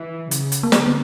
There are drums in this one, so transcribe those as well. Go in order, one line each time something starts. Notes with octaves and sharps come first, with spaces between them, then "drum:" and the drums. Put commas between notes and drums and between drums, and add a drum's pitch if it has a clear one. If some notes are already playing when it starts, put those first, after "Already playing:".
Already playing: E3
C#3, drum: hi-hat
drum: hi-hat
A#3
D3 B3, drum: snare
B3